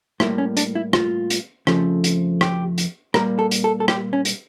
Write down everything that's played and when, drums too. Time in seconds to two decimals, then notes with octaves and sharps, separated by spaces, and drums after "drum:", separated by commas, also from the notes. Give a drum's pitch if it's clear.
0.20 A2 G3 A#3 E4, drum: rim click
0.38 C#4
0.57 D4, drum: hi-hat
0.75 E4
0.93 F4, drum: rim click
1.30 drum: hi-hat
1.67 F2 C#3 F3 A3, drum: rim click
2.04 drum: hi-hat
2.41 G4, drum: rim click
2.78 drum: hi-hat
3.14 A#2 G3 A#3 A#4, drum: rim click
3.39 A4
3.51 drum: hi-hat
3.64 A4
3.80 A4
3.88 G4, drum: rim click
4.13 C#4
4.25 drum: hi-hat